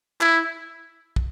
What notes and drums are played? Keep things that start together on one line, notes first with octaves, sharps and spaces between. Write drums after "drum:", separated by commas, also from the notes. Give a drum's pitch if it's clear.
E4, drum: clap
drum: kick